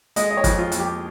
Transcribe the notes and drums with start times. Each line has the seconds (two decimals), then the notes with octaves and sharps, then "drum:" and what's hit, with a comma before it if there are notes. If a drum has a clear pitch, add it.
0.16 G#3 D#5, drum: hi-hat
0.31 D#5
0.37 C#5
0.44 F2, drum: kick, hi-hat
0.59 F4
0.72 F2, drum: hi-hat
0.79 G4